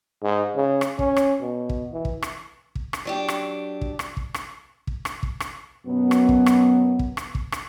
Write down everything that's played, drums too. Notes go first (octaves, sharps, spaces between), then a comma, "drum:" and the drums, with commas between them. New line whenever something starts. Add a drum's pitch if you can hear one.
G#2
C#3
drum: rim click
C#4, drum: kick
drum: rim click
B2
drum: kick
E3
drum: kick
drum: rim click
drum: kick
drum: rim click
F#3 D4 G4
drum: rim click
drum: kick
drum: rim click
drum: kick
drum: rim click
drum: kick
drum: rim click
drum: kick
drum: rim click
F#2 B2 F#3 B3
drum: rim click
drum: kick
drum: rim click
drum: kick
drum: rim click
drum: kick
drum: rim click